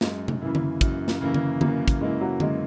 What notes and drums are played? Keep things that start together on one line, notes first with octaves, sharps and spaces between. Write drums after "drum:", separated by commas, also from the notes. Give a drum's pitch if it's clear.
F#2 G#3, drum: snare
drum: tom C3
C#3 E3 A#3 E4
drum: tom D3
F#2, drum: kick, hi-hat
drum: snare
C#3 E3 A#3 E4
drum: tom D3
F#2 A#3, drum: tom D3
drum: kick, hi-hat
C#3 E3 G#3 A#3 E4
F#3
F#2 G#3, drum: tom D3